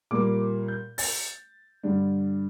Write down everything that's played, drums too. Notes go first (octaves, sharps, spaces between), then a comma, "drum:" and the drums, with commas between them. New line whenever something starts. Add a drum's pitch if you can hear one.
A#2 G3 A#3 D6
G6
A6, drum: open hi-hat
G2 D3 G3 D4